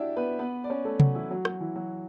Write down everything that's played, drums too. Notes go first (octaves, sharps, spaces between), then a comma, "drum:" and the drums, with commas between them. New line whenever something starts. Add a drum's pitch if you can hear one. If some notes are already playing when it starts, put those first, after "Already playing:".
Already playing: D4 E4 F#4 G4 D5 E5
B3 B4
B3 B4
D5
C#4 C#5
A3 A4
F#3 F#4, drum: tom C3
E3 E4
F#3 F#4
F#3 F#4, drum: rim click
E3 E4
F#3 F#4